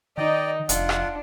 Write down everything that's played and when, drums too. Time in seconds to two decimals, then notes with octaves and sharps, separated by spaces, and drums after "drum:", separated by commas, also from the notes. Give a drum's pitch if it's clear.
0.18 D#3 D#4 D5 D#5 G5
0.69 F1 D4 F4 F#5, drum: hi-hat
0.89 drum: rim click